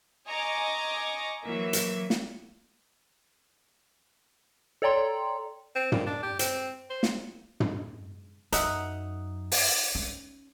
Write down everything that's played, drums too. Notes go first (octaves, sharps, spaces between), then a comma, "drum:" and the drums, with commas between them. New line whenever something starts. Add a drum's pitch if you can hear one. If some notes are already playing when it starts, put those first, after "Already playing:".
D#5 G#5 A#5 C#6 D6
E3 F#3 A#3 E5
drum: hi-hat
drum: snare
A4 C#5 D5 G5 A#5 C6
C4
A#2, drum: tom
D4
G4
C4, drum: hi-hat
C5
drum: snare
drum: tom
F#2 D#4 E5 F#5, drum: hi-hat
drum: open hi-hat
C#4